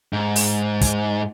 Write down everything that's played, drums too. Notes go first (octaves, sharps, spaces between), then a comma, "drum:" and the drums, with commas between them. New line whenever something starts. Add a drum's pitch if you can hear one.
G#2
drum: open hi-hat
drum: kick, hi-hat